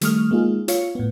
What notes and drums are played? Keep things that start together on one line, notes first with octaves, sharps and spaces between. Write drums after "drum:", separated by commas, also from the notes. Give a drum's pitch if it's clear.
D#3 G3 A3 C#6 D#6 F6, drum: hi-hat
G#3 A#3 D#4 F4 G#4
F4 C#5 F5 C#7, drum: hi-hat
A2 B3